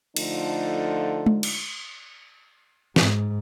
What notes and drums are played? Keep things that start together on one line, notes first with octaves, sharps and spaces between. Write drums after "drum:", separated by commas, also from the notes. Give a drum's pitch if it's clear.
D3 F3 A3 D#4 F4, drum: cymbal
drum: tom G#3
drum: cymbal
G#2, drum: snare